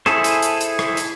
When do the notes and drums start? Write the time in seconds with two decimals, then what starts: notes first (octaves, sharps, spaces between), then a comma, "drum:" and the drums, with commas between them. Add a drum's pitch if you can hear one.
0.06 E4 G#4 A4 C5, drum: rim click
0.24 drum: hi-hat
0.42 drum: hi-hat
0.61 drum: hi-hat
0.79 drum: rim click
0.97 drum: hi-hat